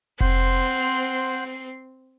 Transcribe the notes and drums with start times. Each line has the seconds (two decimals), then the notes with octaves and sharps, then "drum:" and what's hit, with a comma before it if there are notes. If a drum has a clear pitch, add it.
0.20 C4 C5 F#5 C7, drum: kick F1